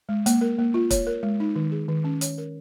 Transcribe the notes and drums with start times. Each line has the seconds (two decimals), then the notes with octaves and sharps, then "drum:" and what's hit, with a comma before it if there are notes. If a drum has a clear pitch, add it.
0.09 G#3
0.26 A#3, drum: hi-hat
0.41 A#4
0.59 A#3
0.74 F4
0.91 C#5, drum: kick, hi-hat
1.07 A#4
1.23 G#3
1.40 D#4
1.56 D#3
1.72 G#4
1.89 D#3
2.04 C#4
2.21 C#5, drum: hi-hat
2.38 A#4